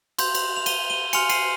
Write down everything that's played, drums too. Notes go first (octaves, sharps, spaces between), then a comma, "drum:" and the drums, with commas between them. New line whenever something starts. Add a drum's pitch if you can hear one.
C6 G6, drum: cymbal
drum: cymbal
F7
D#7 G7, drum: cymbal
D#7 G7
G#5 C6 F6 C#7 F7, drum: cymbal
C7 D#7, drum: cymbal